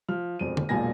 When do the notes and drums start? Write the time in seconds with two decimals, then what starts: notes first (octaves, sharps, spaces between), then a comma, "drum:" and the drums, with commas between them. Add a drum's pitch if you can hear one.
0.09 F3 F6
0.39 E1 F2 C4 D#7
0.57 drum: tom D3
0.69 E1 B1 A#2 A#3 G#5 A#6